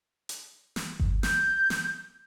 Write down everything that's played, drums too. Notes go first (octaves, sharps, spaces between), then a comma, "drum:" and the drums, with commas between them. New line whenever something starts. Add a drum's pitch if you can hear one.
drum: hi-hat
drum: snare
drum: kick G1
G6, drum: snare
drum: snare